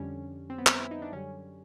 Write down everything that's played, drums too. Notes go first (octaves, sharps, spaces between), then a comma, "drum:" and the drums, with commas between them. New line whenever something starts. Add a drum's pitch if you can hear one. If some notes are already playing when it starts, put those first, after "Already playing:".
Already playing: F2 D3 G3 C#4
C4
B3
C4, drum: clap
E4
D#4
D4
F#2 D3 G3 C#4